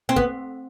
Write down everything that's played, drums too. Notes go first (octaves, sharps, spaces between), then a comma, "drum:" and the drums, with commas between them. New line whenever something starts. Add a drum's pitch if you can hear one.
C4
B3, drum: kick